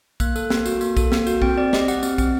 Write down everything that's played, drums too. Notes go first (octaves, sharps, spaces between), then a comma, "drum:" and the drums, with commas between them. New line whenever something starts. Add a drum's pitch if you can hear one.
A#3 F#6, drum: kick, tambourine
A4, drum: tambourine
A#3, drum: snare
F#4, drum: tambourine
A#3, drum: tambourine
A4, drum: kick, tambourine
A#3, drum: snare
F#4, drum: tambourine
C4 G5, drum: kick
C4 D5
G4 D#5, drum: snare
G4 F#5, drum: tambourine
C4, drum: tambourine
C4, drum: kick, tambourine